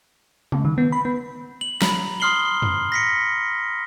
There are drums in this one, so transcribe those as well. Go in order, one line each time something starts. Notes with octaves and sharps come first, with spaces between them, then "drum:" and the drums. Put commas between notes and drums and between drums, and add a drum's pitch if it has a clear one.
C#3, drum: tom
D#3
B3
B5
B3
F#7
A#5 B5, drum: snare
C6 D#6 F6 C7 F#7 G7
drum: tom
A#6 B6 C#7